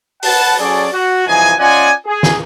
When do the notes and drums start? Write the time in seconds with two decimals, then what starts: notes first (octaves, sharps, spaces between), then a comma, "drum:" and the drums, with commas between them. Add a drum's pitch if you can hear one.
0.23 B4 F#5 A5, drum: open hi-hat
0.58 F#3 C#4 G#4 A4 D5
0.92 F#4
1.26 C2 E3 F3 D#4 G#4 G#5
1.59 C#4 F4 D5 D#5 F#5 G#5
2.06 G#4
2.23 drum: snare